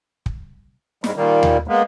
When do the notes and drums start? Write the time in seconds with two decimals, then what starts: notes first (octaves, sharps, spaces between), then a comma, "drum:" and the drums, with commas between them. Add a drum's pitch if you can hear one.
0.26 drum: kick
1.04 G#2 G3 G#3, drum: snare
1.16 A#2 D#3 G3 A#3
1.43 drum: tom D#2
1.68 G#3 A#3 B3